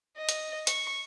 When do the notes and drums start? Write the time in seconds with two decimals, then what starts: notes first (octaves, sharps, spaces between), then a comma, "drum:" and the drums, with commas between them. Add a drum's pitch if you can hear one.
0.17 D#5
0.29 drum: hi-hat
0.67 C#6, drum: hi-hat